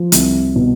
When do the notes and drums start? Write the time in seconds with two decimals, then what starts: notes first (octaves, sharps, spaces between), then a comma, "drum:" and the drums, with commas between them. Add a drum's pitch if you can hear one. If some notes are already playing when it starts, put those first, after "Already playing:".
Already playing: F3
0.12 C2, drum: hi-hat
0.56 B2